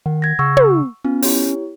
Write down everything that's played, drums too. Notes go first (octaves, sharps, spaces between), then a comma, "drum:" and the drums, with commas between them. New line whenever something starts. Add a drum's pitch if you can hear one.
D#3 F#5
G#6 A#6
C#3 F#5 C#6 E6
drum: tom
B3 C#4 F4
E4 G4 C#5, drum: open hi-hat